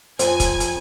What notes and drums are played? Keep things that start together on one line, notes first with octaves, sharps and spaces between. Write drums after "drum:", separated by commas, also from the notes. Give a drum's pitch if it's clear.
F2 C5 G#5, drum: hi-hat
drum: kick, hi-hat
drum: hi-hat